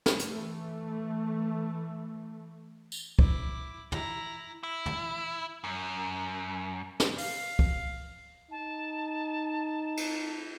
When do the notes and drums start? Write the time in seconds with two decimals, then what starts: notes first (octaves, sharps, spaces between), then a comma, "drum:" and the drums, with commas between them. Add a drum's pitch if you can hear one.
0.06 drum: snare
0.19 E3 A3, drum: hi-hat
2.92 drum: tambourine
3.19 E4 D6, drum: kick
3.92 E4 A#5, drum: tom
4.63 E4
4.86 drum: tom
5.64 F#2
7.00 drum: snare
7.18 F5, drum: open hi-hat
7.59 drum: kick
8.51 D#4 A5
9.97 drum: cymbal